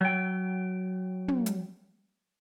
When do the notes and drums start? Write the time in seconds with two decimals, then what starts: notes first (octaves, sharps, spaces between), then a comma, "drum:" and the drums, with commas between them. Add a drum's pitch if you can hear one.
0.01 F#3 G5
1.28 drum: tom
1.46 drum: hi-hat